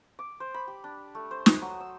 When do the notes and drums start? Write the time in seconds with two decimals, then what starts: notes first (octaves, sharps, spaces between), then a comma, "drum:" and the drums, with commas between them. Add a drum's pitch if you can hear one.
0.19 D6
0.40 C5
0.54 B5
0.67 G4
0.84 D4
1.15 A3
1.31 C5
1.46 D#6, drum: snare
1.62 F#3
1.80 E6